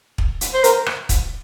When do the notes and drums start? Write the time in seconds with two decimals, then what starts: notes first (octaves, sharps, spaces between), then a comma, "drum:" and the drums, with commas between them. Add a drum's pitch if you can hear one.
0.18 drum: kick
0.41 drum: hi-hat
0.54 C5
0.64 A#4, drum: hi-hat
0.86 drum: rim click
1.09 drum: kick, hi-hat